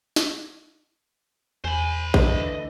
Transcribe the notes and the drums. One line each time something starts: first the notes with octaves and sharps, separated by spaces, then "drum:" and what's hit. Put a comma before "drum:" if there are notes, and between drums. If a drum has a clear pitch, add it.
drum: snare
E2 C5 G#5 B5
D2 D3 E3 D#5, drum: kick